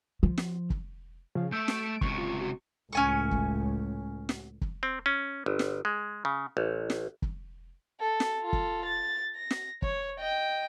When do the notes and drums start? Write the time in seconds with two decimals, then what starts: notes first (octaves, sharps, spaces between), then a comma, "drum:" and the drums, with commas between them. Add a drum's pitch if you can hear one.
0.23 F3
0.38 drum: snare
0.70 drum: kick
1.35 C#3 F3 F5
1.52 A3 E5 E6 G6 D7
1.68 drum: snare
2.01 C#2 C3 C#6, drum: kick
2.18 F4
2.41 F#4
2.93 C#2 A2 C#4 G#5 C#6
3.31 drum: kick
4.29 drum: snare
4.61 drum: kick
4.83 C4
5.06 C#4
5.46 G1
5.59 drum: snare
5.85 G#3
6.25 C#3
6.57 A1
6.90 drum: snare
7.22 drum: kick
8.00 A4
8.20 drum: snare
8.42 F4 A4
8.53 drum: kick
8.85 A6
9.35 A#6
9.51 drum: snare
9.82 C#5, drum: kick
10.20 D#5 G5